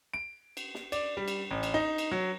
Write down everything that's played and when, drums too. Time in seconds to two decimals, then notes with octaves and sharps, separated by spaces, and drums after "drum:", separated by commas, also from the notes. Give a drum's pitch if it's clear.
0.14 D7
0.57 drum: cymbal
0.75 drum: snare
0.92 D5, drum: cymbal
1.17 G3
1.28 drum: cymbal
1.51 A1
1.63 drum: cymbal
1.74 D#4
1.98 drum: cymbal
2.12 F#3